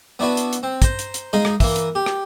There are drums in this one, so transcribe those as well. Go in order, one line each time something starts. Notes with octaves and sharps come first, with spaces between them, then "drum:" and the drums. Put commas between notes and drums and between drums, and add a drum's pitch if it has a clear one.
B3 D4 E4 F#4 B4
drum: hi-hat
drum: hi-hat
C4
C5 A#5, drum: kick, hi-hat
drum: hi-hat
drum: hi-hat
G#3 D#4 D#5 F5
drum: rim click
E3 A#3, drum: kick, open hi-hat
drum: hi-hat
G4
drum: rim click